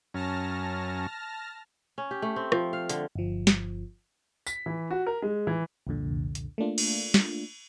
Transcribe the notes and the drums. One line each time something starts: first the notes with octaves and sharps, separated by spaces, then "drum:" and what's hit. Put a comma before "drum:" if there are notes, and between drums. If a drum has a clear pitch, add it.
F#2 C#4 A5 F6 A#6
C#4
G4
A3
C4
F3, drum: rim click
F5
D3, drum: hi-hat
G1 F3
drum: snare
B6, drum: tambourine
E3
F#4
A#4
G#3
E3
C2 F2 A#2 D3
drum: hi-hat
A3 A#3 D4 F4
drum: cymbal
drum: snare